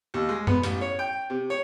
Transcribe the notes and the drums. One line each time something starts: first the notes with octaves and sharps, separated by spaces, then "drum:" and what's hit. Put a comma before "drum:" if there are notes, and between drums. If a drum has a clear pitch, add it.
D#2
G#3
B3, drum: tom F#2
A1, drum: hi-hat
C#5
G5
C3
C#5